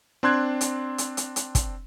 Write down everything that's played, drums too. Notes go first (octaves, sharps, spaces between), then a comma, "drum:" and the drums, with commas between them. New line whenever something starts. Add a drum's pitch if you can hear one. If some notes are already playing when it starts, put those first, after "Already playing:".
C4 D4 C6 F#6 G#6
drum: hi-hat
drum: hi-hat
drum: hi-hat
drum: hi-hat
drum: kick, hi-hat